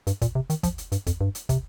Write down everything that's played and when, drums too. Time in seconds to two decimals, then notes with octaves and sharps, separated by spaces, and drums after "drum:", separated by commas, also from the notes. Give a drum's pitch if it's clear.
0.07 G2, drum: hi-hat
0.22 A#2, drum: kick, hi-hat
0.35 C3
0.50 D#3, drum: hi-hat
0.63 F3, drum: kick, hi-hat
0.78 drum: hi-hat
0.92 G2, drum: hi-hat
1.07 F2, drum: kick, hi-hat
1.21 G2
1.35 drum: hi-hat
1.49 C3, drum: kick, hi-hat